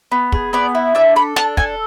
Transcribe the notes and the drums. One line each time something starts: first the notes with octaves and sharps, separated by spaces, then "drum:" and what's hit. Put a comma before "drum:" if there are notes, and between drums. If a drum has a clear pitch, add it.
B3
G#4, drum: kick
B3 D5
E4
D4 E5
A4 B5
D4 A5, drum: snare
A4 G#5, drum: kick